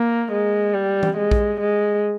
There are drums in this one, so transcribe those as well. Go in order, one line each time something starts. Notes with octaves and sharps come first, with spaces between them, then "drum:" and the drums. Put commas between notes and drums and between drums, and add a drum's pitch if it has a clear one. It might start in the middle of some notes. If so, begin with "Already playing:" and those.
Already playing: A#3
G#3
G3
drum: tom E3
G#3
drum: kick A#1
G#3